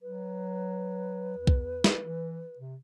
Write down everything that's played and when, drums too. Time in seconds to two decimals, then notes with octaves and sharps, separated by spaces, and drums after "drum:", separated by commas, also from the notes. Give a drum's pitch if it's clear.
0.02 F#3 B4
1.38 E2
1.47 drum: kick B1
1.84 drum: snare
1.99 E3
2.58 C3